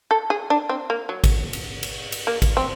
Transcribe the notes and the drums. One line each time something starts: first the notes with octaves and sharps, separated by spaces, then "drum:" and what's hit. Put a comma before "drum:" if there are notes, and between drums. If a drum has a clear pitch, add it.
A4
G#4
D4
C4
A#3
F#3
drum: kick, cymbal
drum: cymbal
drum: cymbal
drum: cymbal
A#3
drum: kick, cymbal
C4